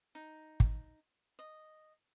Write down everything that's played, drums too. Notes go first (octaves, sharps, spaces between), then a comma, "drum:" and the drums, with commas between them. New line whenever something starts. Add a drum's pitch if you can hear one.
D#4
drum: kick
D#5